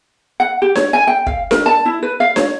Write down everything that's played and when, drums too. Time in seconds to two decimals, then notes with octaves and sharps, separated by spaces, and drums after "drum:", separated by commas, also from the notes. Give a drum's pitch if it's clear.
0.40 F#5
0.62 G4
0.75 C#5, drum: snare D4
0.93 G#5
1.07 G5
1.27 F5, drum: kick
1.51 A#4, drum: snare D4
1.66 A5
1.85 E4
2.03 B4
2.20 F5
2.36 C#5, drum: snare D4